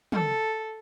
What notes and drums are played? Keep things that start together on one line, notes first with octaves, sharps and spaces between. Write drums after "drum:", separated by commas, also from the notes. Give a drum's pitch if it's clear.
A4, drum: tom